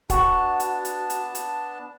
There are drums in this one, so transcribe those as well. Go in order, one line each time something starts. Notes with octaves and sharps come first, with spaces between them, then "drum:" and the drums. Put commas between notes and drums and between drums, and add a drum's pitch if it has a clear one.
B3 D4 F#4 A5, drum: kick, hi-hat
drum: hi-hat
drum: hi-hat
drum: hi-hat
drum: hi-hat